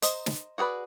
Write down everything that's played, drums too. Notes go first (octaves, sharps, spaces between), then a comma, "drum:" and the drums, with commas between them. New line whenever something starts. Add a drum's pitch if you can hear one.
C5 D#5 A#5, drum: hi-hat
drum: snare
F#4 G#4 A#4 B4 D5